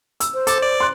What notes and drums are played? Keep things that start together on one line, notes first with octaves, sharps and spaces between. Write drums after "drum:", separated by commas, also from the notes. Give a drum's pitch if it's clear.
E6, drum: hi-hat
C5
A4 A5 D6, drum: hi-hat
D5
C6 F#6